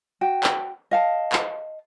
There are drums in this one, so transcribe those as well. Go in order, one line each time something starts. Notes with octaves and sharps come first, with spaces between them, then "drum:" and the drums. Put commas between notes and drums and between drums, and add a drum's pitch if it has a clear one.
F#4 G5
drum: clap
D#5 F5 A5
drum: clap